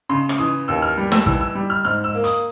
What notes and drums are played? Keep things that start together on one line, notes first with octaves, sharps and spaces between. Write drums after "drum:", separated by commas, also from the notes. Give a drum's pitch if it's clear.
C#3 C6
drum: rim click
E3 D#6
D#2 E6
F6
G3
E6, drum: snare
E3 E6, drum: kick
E6
G3
F6
G#2 F6
E6
A#3
D#6, drum: hi-hat